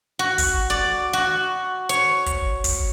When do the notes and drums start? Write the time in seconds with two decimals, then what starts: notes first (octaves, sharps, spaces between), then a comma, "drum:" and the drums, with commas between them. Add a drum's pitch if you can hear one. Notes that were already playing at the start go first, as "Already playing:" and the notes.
0.19 F#4
0.38 drum: kick, open hi-hat
0.70 D5
1.13 F#4
1.89 C#5, drum: hi-hat
2.26 drum: kick, hi-hat
2.64 drum: kick, open hi-hat